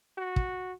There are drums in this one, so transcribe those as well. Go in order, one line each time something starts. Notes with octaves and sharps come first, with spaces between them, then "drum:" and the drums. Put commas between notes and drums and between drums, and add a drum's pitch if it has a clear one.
F#4
drum: kick